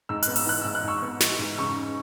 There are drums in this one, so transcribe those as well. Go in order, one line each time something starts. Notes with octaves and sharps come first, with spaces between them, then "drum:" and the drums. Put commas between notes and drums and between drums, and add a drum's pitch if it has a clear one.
G#2 E6
F#6, drum: hi-hat
B3
E6, drum: open hi-hat
E3 F#6
G#2 E6
F#6
G#2 C#6 E6
B3
E3, drum: snare
G#2
C#3 C#6 E6
C#4